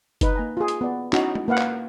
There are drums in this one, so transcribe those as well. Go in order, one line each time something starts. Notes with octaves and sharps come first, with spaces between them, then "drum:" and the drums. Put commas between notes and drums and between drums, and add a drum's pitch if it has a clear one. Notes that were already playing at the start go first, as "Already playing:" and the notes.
D#4 B4, drum: kick F#1, hi-hat
A#3 G#5 A#5
F4 G#4
drum: hi-hat
B3 D5
C#4 D#4 E4 F#4, drum: clap
drum: tom G#3
A#3 B4 F5 F#5
drum: clap